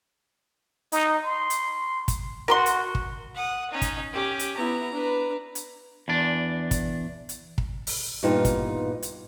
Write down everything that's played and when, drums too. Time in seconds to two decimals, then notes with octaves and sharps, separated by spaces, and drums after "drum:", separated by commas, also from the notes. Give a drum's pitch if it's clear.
0.92 D#4, drum: hi-hat
1.24 C6
1.50 drum: hi-hat
2.08 drum: kick, hi-hat
2.48 F#4 A#4 B5 C6
2.66 drum: hi-hat
2.95 drum: kick
3.35 F#5 D#6
3.71 C#4 D#4
3.82 drum: kick, hi-hat
4.13 C#4 G4 D6
4.39 drum: hi-hat
4.56 B3 E4 A#5
4.93 D4 B4
5.55 drum: hi-hat
6.08 E2 D4
6.71 drum: kick, hi-hat
7.29 drum: hi-hat
7.58 drum: kick
7.87 drum: open hi-hat
8.23 G2 A#2 E3 B3 D#4 F4
8.45 drum: kick, hi-hat
9.03 drum: hi-hat